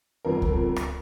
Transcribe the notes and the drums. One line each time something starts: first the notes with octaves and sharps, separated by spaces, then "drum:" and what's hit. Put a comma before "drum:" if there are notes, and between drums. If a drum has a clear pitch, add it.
G1 F2 D3 A4 A#4
drum: kick C#2
drum: rim click